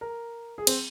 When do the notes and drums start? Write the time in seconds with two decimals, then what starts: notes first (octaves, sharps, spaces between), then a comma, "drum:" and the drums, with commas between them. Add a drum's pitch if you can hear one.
0.01 A#4
0.58 G#4
0.67 C4, drum: cymbal